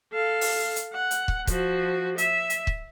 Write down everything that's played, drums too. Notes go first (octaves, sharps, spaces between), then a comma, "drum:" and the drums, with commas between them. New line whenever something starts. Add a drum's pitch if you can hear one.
A4 F5
drum: open hi-hat
drum: hi-hat
F#5
drum: hi-hat
drum: kick
F3 F#4, drum: kick, hi-hat
E5, drum: hi-hat
drum: hi-hat
drum: kick